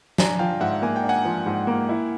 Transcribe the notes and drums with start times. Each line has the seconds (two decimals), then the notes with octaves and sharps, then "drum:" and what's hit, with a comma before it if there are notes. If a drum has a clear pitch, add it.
0.18 D4 G#5 A#5, drum: snare
0.39 F3 F5 G5
0.60 G#2 E5 F#5
0.82 A#3 G#5
0.96 G5
1.03 D4
1.09 F#5 G#5
1.25 F3
1.46 G#2
1.67 A#3
1.89 E4